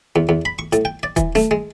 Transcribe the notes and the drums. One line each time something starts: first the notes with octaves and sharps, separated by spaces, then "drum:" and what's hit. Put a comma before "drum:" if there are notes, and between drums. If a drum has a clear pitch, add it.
E2
E2
B5
C#6
A2, drum: hi-hat
G5
D5
E3, drum: kick D#1, hi-hat
A3, drum: snare
G#3